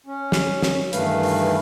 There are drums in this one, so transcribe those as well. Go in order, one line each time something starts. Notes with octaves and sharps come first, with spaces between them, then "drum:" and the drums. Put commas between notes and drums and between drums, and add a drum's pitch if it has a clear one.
C#4
drum: snare
drum: snare
G2 D#3 E3 A3 B4 F5, drum: hi-hat
drum: open hi-hat